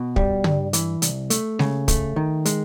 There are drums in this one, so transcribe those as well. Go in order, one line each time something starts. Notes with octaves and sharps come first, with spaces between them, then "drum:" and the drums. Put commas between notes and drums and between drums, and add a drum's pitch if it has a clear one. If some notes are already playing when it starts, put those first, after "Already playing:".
Already playing: B2
G3, drum: kick
G2, drum: tom
E3, drum: hi-hat
C2, drum: hi-hat
A3, drum: hi-hat
C#3, drum: snare
A3, drum: kick, hi-hat
D#3
G#3, drum: hi-hat